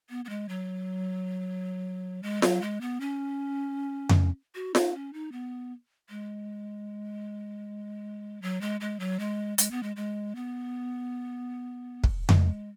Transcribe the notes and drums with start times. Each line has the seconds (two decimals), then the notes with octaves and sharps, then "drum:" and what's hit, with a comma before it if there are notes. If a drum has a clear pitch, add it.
0.10 B3
0.25 B3
0.29 G#3
0.49 F#3
2.23 G#3
2.42 F#3, drum: snare F4
2.61 G#3
2.81 B3
3.01 C#4
4.09 drum: tom F2
4.55 F#4
4.75 D#4, drum: snare F4
4.94 C#4
5.13 D#4
5.32 B3
6.10 G#3
8.42 F#3
8.61 G#3
8.81 G#3
9.00 F#3
9.19 G#3
9.58 G#3, drum: hi-hat
9.71 B3
9.83 G#3
9.96 G#3
10.35 B3
12.04 drum: kick
12.29 G#3, drum: tom F2